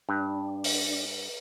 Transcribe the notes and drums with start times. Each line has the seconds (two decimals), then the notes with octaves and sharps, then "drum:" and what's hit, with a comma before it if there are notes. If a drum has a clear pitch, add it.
0.09 G2 D4
0.64 drum: open hi-hat